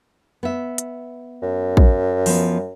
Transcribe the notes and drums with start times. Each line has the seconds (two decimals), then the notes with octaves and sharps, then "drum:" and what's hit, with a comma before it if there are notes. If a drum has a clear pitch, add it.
0.43 B3 E5
0.78 drum: hi-hat
1.43 F#2
1.77 drum: kick
2.26 F3 B3, drum: open hi-hat